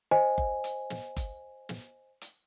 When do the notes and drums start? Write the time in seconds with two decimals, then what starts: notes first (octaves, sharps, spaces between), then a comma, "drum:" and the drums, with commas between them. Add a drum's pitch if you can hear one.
0.11 C5 D#5 G#5
0.38 drum: kick F#1
0.64 drum: hi-hat
0.90 drum: snare
1.16 drum: kick F#1, hi-hat
1.69 drum: snare
2.22 drum: hi-hat